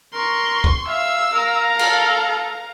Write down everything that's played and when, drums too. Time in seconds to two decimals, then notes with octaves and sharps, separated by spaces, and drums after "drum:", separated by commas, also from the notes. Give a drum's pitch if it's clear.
0.13 A#4 C6 C#6
0.64 drum: kick
0.88 E5 F5 E6
1.33 A#4 F5 A#5
1.79 A4, drum: cymbal